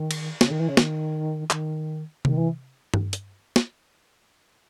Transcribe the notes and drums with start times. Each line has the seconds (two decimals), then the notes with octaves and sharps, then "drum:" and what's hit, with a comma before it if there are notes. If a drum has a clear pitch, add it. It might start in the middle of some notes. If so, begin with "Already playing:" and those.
Already playing: D#3
0.11 drum: cymbal
0.41 C#3, drum: snare
0.50 D#3
0.59 E3
0.68 C#3
0.77 D#3, drum: snare
1.50 D#3, drum: clap
2.25 D#3, drum: tom C3
2.37 E3
2.94 drum: tom G2
3.13 drum: hi-hat
3.56 drum: snare